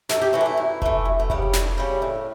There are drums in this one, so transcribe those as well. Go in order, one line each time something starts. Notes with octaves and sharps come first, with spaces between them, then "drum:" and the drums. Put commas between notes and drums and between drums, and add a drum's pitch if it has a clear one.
F#2 A4, drum: snare
G4
E3 A3 F#4
D4
E4
F#2
E3 A3, drum: kick F1
D2
A3
C#3 G3 B3, drum: kick F1
C#4
D2 D4, drum: snare
C#3 G3
A2